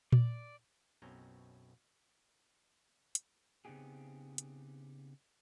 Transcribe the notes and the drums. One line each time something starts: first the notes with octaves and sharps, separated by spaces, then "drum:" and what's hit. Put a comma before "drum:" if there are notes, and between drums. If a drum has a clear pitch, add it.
D5, drum: tom A#2
B1 F#2 B2 C4 C#4 A#5
drum: hi-hat
C#3 B3 C4 D#4 G4 G#4
drum: hi-hat